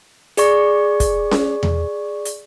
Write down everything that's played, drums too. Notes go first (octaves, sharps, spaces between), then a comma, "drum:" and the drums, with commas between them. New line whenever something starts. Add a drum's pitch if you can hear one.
G#4 D5 C#6, drum: hi-hat
drum: kick, hi-hat
drum: snare C#4
drum: tom E2
drum: hi-hat